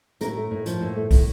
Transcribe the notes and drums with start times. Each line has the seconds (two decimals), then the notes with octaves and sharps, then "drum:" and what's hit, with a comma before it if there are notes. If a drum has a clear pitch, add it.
0.21 A2 A#4, drum: hi-hat
0.36 A3
0.51 A2
0.66 F3, drum: hi-hat
0.81 A2
0.96 A3
1.11 A2, drum: kick, open hi-hat